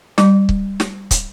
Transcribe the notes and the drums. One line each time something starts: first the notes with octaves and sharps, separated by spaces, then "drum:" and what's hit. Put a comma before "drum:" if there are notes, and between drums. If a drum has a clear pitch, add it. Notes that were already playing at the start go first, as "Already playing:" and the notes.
G3, drum: snare
drum: kick
drum: snare
drum: kick, hi-hat